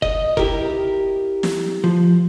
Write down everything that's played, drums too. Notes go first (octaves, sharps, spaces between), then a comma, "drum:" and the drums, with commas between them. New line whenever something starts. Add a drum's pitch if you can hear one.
D#5, drum: kick F#1
E4 G4 A#4, drum: kick F#1
drum: snare
F3